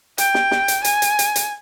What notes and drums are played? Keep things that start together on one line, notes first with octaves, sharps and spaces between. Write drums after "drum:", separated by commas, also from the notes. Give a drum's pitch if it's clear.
G5, drum: hi-hat
drum: snare
drum: snare
drum: hi-hat
G#5, drum: hi-hat
drum: hi-hat
drum: hi-hat
drum: hi-hat